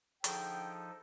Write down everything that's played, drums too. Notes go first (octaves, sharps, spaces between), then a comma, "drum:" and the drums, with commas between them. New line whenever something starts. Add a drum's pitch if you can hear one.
D3 F3 D#4 G#4 A4 G5, drum: hi-hat